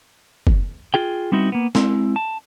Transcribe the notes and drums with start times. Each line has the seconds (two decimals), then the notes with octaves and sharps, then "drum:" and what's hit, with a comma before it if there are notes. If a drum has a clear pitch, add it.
0.47 drum: kick
0.94 F4 G#4 G5
1.32 G3 B3 C4 D#4 E4 F#4
1.52 A#3 B3
1.75 G#3 C4 E4, drum: snare
2.16 A5